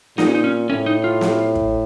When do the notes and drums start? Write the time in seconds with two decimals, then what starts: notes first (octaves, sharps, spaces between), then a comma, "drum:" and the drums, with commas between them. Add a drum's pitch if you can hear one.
0.18 A#2 D#4, drum: snare
0.27 C#4
0.35 D#4
0.44 C#4
0.69 A2 C#4
0.86 D#4
1.04 F4
1.21 drum: snare
1.55 drum: kick